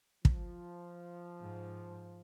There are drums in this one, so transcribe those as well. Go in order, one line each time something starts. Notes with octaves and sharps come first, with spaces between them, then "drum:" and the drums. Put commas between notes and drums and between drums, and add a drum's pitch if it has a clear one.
F3, drum: kick
G#2